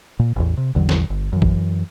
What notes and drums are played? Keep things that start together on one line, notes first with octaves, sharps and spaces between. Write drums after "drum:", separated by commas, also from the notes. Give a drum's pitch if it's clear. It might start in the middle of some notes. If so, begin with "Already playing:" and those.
A#2
A1 E2
C3
A1 E2 D3 F#3
drum: snare
G1
F#2 E3
drum: kick